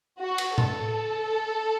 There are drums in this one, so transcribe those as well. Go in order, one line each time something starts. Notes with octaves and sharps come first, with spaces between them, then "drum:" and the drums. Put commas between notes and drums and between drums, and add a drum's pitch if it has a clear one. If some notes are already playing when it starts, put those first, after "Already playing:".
F#4
drum: cymbal
A4, drum: tom A2